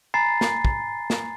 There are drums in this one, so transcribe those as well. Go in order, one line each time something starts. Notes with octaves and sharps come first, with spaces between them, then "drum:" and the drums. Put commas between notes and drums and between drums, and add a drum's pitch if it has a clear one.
G#5 A#5 B5 A6 C7
drum: snare
drum: kick
drum: snare